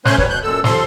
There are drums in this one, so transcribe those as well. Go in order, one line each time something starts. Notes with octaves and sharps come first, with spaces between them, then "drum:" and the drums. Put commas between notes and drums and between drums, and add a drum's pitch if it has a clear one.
A3 C#4 C5 G#5 C6 F#6, drum: snare
F#3 G3 B4 C#5, drum: kick
B2 F#6 G6
F#2 A#2 A4 E6
D#2 F3 A4 C6, drum: snare